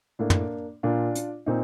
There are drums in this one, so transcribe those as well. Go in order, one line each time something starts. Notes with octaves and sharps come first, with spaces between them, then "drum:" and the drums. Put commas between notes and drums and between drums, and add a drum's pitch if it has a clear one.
A2 A#3 D4
drum: tom
A#2 D4 F4
drum: hi-hat
A#2 C4 D#4